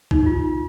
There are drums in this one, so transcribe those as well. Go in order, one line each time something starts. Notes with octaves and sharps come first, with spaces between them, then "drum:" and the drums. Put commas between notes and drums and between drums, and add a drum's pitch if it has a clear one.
D#4, drum: kick B1
F4